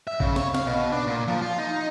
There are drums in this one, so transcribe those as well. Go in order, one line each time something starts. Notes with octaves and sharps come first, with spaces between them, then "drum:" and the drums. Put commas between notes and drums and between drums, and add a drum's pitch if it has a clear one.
E5
C#3, drum: kick A#1
C#5, drum: snare
F5, drum: snare
B2
D4
A#2
F3
F4
D#4